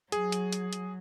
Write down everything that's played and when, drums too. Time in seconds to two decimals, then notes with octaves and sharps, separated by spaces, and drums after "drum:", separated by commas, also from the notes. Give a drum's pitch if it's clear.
0.12 F#3 G#4, drum: hi-hat
0.32 drum: hi-hat
0.53 drum: hi-hat
0.73 drum: hi-hat